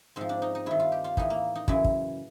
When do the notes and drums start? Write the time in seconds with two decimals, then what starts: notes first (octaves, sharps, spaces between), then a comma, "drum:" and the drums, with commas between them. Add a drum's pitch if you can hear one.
0.16 G#2 F3 C4
0.29 D4
0.42 D#4
0.55 D#4
0.66 G2 D#3 E4
0.80 F4
0.92 G4
1.04 F4
1.17 A2 E3 D#4, drum: kick
1.30 A#3
1.55 D#4
1.68 F#2 C#3 E3, drum: kick
1.84 drum: kick